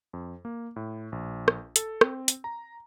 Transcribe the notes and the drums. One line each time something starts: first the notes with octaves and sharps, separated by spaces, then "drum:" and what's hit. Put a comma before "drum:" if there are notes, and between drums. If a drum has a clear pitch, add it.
F2
A#3
A2
A#1
drum: rim click
A4, drum: hi-hat
C4, drum: rim click
drum: hi-hat
A#5